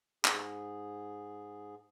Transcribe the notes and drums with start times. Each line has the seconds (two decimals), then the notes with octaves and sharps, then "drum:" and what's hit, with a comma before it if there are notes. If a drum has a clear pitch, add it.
0.25 G#2 G#4, drum: clap